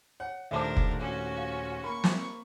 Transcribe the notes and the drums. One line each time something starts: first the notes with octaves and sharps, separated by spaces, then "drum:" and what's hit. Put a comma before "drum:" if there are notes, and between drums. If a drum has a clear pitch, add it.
C#5 F#5
D#1 A3 D4 A#4 C5 E5 A5 D6
drum: kick F1
C#4 F#4
F5
A#3 B5 C#6
drum: snare